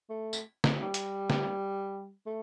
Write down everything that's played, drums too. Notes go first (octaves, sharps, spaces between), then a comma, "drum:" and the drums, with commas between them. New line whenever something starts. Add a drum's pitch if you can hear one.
A3
drum: tambourine
drum: snare
G3
drum: hi-hat
drum: snare
A3